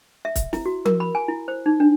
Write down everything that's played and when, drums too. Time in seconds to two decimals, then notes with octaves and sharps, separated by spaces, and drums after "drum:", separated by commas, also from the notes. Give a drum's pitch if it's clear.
0.25 E5
0.36 drum: kick, hi-hat
0.53 E4, drum: snare
0.66 F#4
0.85 A#4, drum: tom F3
1.00 B5
1.15 G#5
1.28 E4
1.48 C5
1.66 D#4
1.80 D4